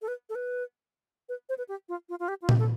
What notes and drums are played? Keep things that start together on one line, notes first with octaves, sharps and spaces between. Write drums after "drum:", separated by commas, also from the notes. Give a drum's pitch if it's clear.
A4
B4
A4
B4
B4
C5
B4
G4
F4
F4
F4
G4
F4
G4, drum: tom A#2
A4